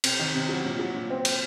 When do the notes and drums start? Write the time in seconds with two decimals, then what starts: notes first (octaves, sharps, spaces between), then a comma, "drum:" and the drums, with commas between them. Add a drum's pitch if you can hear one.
0.04 C3, drum: cymbal
0.19 D#3
0.35 C3
0.49 F#3
0.64 A#2
0.79 F#3
0.95 A#2
1.10 C4
1.25 drum: cymbal